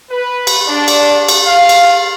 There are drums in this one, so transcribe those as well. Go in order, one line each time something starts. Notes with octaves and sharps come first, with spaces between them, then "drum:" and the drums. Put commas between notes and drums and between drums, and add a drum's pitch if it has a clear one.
B4
drum: cymbal
D4
drum: cymbal
drum: cymbal
F5
drum: cymbal